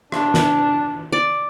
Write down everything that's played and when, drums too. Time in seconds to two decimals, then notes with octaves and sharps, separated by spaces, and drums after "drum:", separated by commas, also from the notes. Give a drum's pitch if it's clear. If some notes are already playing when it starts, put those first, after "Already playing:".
0.12 D4, drum: rim click
0.34 drum: snare
1.12 D5